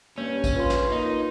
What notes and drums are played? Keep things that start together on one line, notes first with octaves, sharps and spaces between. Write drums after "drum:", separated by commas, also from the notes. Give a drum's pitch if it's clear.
G2 A#3 C#4
drum: kick, tambourine
F4 B4 C6
drum: snare
A#3 D#4